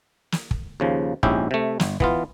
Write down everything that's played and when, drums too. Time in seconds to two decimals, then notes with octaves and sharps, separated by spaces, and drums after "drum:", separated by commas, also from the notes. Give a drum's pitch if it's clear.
0.32 drum: snare
0.51 drum: kick
0.80 D#2 C#3 F3
1.23 A#1 G#2 C#4 E4 G4, drum: kick
1.51 C3 A3
1.80 G1, drum: snare
2.00 E3 B3 F4, drum: kick